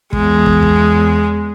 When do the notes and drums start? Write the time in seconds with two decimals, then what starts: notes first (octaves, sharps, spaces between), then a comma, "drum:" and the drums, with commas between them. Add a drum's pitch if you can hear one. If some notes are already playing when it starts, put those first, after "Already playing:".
0.13 E2 G#3, drum: kick
0.46 drum: kick
0.63 drum: kick